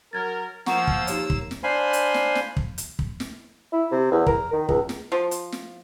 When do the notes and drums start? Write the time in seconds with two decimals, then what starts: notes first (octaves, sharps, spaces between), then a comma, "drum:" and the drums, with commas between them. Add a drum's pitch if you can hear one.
0.13 F#3 A#4 F6 G#6 A6
0.66 F3 A#3 F#5 A#5 C#6 E6, drum: snare
0.87 drum: kick
1.07 D#4 G4 C#5, drum: hi-hat
1.30 drum: kick
1.51 drum: snare
1.63 D4 C5 F5 G#5 B5 C6
1.93 drum: hi-hat
2.14 drum: snare
2.35 drum: snare
2.57 drum: kick
2.78 drum: hi-hat
2.99 drum: kick
3.20 drum: snare
3.73 E4
3.91 C3
4.12 E2
4.26 A#4, drum: kick
4.53 D#3
4.69 C#2, drum: kick
4.89 drum: snare
5.12 F3
5.31 drum: hi-hat
5.52 drum: snare